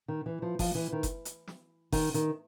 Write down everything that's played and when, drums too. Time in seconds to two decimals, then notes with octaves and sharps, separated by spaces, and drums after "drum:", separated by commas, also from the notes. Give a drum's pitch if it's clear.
0.08 D#3
0.26 E3
0.42 F3
0.59 F3, drum: kick F#1, open hi-hat
0.75 E3
0.92 D#3
1.03 drum: kick F#1, hi-hat
1.25 drum: hi-hat
1.47 drum: snare
1.92 D#3, drum: kick F#1, open hi-hat
2.14 D#3, drum: hi-hat